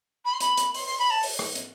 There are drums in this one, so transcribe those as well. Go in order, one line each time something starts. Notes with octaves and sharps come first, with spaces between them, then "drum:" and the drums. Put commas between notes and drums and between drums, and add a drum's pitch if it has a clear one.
B5
C6
B5, drum: hi-hat
drum: hi-hat
C6, drum: open hi-hat
C6
B5
A5
drum: open hi-hat
drum: rim click
drum: hi-hat